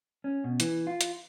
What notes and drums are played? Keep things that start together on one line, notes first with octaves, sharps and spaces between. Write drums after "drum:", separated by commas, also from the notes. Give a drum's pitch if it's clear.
C#4
B2
E3, drum: hi-hat
F4
drum: hi-hat